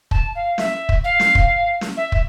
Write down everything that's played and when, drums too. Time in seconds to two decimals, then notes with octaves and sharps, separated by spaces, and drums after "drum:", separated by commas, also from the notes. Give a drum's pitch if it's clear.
0.11 A5, drum: kick
0.35 F5
0.58 E5, drum: snare
0.89 drum: kick
1.04 F5
1.20 drum: snare
1.35 drum: kick
1.81 drum: snare
1.97 E5
2.12 drum: kick